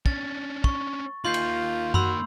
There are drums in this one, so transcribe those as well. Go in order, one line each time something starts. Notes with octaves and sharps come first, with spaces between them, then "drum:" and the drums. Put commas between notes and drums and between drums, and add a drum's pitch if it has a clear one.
C#4 D4 A6, drum: kick
C#6, drum: kick
A#3 D#4 F4 C6 G6 C7
drum: cymbal
F#4 B5 C6 E6, drum: tom F#2